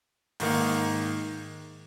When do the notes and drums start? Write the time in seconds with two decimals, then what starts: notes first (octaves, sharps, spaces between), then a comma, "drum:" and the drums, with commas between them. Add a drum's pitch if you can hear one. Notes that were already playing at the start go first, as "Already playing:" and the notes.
0.40 G#2 D#3 A#3 D#4, drum: open hi-hat